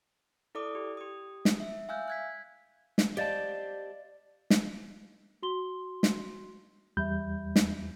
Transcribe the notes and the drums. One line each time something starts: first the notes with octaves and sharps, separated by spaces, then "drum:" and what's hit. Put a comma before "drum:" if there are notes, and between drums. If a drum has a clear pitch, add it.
E4 A4 D5 D6 D#6
G4
G4 D#6
drum: snare
E5
E5 F5 G#5 E6 F#6 G6
F#6 G#6 B6
drum: snare
G4 C5 D5 D#5 F5 A5 A6
drum: snare
F#4 C6 G7
drum: snare
E2 G3 E5 B5 G6
drum: snare